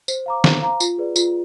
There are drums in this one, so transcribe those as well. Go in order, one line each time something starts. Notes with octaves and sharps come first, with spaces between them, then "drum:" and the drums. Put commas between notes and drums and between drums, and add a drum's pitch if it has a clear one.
C5, drum: tambourine
F5 A#5 D6
C5, drum: snare
F5 A#5 D6
F4, drum: tambourine
G#4 B4 D5
F4, drum: tambourine